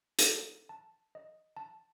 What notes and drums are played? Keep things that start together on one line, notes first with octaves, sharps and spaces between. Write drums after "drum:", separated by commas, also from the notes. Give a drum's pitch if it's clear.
A4, drum: hi-hat
A5
D#5
A5